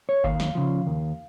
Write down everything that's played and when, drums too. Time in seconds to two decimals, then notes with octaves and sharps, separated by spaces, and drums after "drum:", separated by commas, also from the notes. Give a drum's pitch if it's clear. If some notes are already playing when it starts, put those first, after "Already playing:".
0.09 C#5
0.24 D#2 F5, drum: kick G1
0.40 drum: snare
0.55 C#3 F3
0.87 D#2